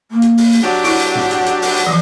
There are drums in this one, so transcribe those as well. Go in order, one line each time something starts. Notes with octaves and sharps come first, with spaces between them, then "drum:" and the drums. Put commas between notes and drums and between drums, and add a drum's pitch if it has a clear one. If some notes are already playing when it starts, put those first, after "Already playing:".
A#3
drum: hi-hat
drum: open hi-hat
drum: hi-hat
F#3 D4 G4 F#5
E4, drum: open hi-hat
drum: hi-hat
drum: tom
drum: hi-hat
drum: hi-hat
drum: open hi-hat
drum: hi-hat
E3 F3